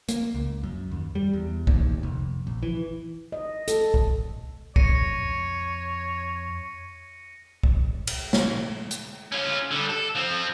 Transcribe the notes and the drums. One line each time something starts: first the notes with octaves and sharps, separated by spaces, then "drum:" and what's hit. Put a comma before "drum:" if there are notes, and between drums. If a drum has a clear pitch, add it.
A#3, drum: hi-hat
C#2
F#2
D#2
G3
E2
D#2, drum: kick
F1
A#1
E3
D#5
A4, drum: hi-hat
drum: kick
F2 C#5 A#6 C#7 D#7, drum: kick
drum: kick
drum: cymbal
drum: snare
drum: hi-hat
C#4 F4
D3 G3
A4
F3 C4